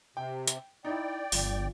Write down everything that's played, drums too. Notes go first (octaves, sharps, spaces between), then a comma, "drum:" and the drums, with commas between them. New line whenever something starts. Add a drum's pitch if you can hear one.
C3 G5
drum: hi-hat
D#4 E4 D5 G5
G1 F3, drum: open hi-hat